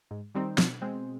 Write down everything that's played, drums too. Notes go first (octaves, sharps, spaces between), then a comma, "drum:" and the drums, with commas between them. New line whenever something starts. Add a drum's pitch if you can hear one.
G#2
D#3 G3 C4 D#4
B2, drum: snare
G#3 C4